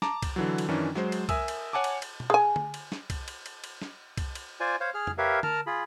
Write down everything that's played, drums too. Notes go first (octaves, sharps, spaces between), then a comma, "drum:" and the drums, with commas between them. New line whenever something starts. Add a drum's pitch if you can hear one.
A5 A#5 D6, drum: snare
drum: kick C2, cymbal
D3 E3 F#3
drum: cymbal
F#2 D#3 E3 C#4 D4
F#3 G#3 C5, drum: snare
drum: cymbal
A#4 E5 G#5 D#6 E6, drum: kick C2, cymbal
drum: cymbal
C#5 F#5 G#5 A5 D6
drum: cymbal
drum: cymbal
drum: tom B2
G#4 G#5
drum: tom D3
drum: cymbal
drum: snare
drum: kick C2, cymbal
drum: cymbal
drum: cymbal
drum: cymbal
drum: snare
drum: kick C2, cymbal
drum: cymbal
F4 C5 D5 G#5
C5 C#5 F5
G#4 F6
drum: tom F2
G4 A#4 B4 C#5 E5 F5
A#4 A5 A#5 F6, drum: tom D3
F4 G#4 B5